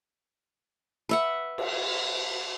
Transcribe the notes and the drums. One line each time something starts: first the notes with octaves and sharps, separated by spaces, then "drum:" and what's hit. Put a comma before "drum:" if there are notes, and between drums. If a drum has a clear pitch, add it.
B4 E5 F#5
drum: cymbal